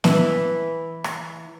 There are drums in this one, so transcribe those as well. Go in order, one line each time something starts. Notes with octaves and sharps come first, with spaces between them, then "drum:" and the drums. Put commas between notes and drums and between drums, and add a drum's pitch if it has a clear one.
E3, drum: snare
drum: rim click